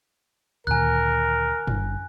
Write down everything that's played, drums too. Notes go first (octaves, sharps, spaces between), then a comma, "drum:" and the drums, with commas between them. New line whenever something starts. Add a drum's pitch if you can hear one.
D2 A#2 D#3 A#4 G#5 F#6
G1 G2, drum: tom